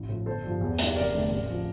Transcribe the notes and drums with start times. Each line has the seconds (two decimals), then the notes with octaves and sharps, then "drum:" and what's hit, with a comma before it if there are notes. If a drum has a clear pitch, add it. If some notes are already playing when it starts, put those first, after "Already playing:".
Already playing: A1 E4
0.09 A2 F3
0.26 G1 A4 C5
0.43 G2 F3
0.61 E2
0.79 E3 G3 A#3, drum: hi-hat
0.96 F1 A#4 D5
1.14 E2 D3 A3
1.31 A1
1.50 F3